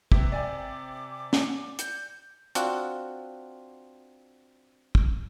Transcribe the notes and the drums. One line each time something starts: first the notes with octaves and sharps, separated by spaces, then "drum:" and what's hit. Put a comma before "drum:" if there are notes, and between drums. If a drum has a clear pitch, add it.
C3 B4, drum: kick
D5 G#5 D6
drum: snare
G6, drum: hi-hat
C4 D4 F4 F#4, drum: hi-hat
drum: kick